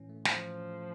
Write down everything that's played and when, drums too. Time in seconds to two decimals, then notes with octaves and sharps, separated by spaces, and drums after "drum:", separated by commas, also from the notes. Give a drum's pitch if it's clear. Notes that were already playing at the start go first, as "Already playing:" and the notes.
Already playing: A2 E3 C#4
0.09 A3
0.25 E3 F3, drum: snare
0.41 A2
0.57 C#4
0.73 A3